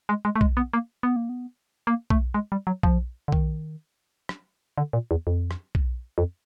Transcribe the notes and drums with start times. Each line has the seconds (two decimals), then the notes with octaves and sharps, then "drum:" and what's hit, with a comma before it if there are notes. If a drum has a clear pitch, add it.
0.09 G#3
0.25 G#3
0.36 A3
0.41 G#3, drum: kick B1
0.57 B3
0.73 A#3
1.03 B3
1.16 A#3
1.29 B3
1.87 A#3
2.10 A3, drum: kick B1
2.34 G#3
2.52 G3
2.67 F#3
2.83 F3, drum: kick B1
3.28 D3
3.32 D#3, drum: kick B1
4.29 drum: rim click
4.78 D3
4.93 A#2
5.11 E2
5.27 F2
5.51 drum: rim click
5.75 drum: kick B1
6.18 F2